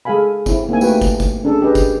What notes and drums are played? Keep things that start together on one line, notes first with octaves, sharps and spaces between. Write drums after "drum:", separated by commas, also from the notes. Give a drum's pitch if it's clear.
G#3 G#4 A4 F5 G#5 B5
C4 E4, drum: kick, tambourine
A#3 C4 D#4 F#5 G#5
A3 F#4 G4 B4 G5, drum: tambourine
drum: kick, tambourine
drum: kick, tambourine
C#4 D4 G#4 A4
C#4 G4 G#4 B4 D#5
drum: kick, tambourine